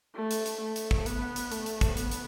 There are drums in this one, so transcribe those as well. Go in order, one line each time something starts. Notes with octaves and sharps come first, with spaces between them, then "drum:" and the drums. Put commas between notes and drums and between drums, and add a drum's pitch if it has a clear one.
A3
drum: hi-hat
drum: hi-hat
A3
drum: hi-hat
drum: kick
B3, drum: hi-hat
drum: hi-hat
A3, drum: hi-hat
drum: hi-hat
drum: kick, hi-hat
B3, drum: hi-hat
drum: hi-hat